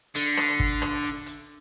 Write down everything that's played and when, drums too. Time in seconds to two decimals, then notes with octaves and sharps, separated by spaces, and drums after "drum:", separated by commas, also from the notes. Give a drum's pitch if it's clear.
0.15 D3, drum: hi-hat
0.37 drum: rim click
0.60 drum: kick
0.82 drum: rim click
1.04 drum: hi-hat
1.26 drum: hi-hat